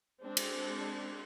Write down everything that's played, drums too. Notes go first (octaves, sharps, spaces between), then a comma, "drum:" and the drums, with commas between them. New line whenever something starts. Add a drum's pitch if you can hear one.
G#3 C4 D4
drum: cymbal